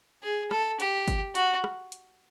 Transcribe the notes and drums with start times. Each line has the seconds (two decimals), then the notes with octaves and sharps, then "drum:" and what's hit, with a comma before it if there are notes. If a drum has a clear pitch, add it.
0.23 G#4
0.51 A4, drum: rim click
0.80 G4, drum: hi-hat
1.08 drum: kick G1, hi-hat
1.35 F#4, drum: hi-hat
1.64 drum: rim click
1.92 drum: hi-hat